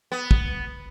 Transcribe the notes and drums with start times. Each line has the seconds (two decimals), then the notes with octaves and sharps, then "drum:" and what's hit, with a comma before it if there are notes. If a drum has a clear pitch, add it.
0.12 B3
0.31 drum: kick